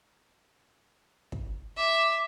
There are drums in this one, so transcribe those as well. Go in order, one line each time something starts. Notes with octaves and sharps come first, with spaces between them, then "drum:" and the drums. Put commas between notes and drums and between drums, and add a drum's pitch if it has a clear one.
drum: kick
E5 D6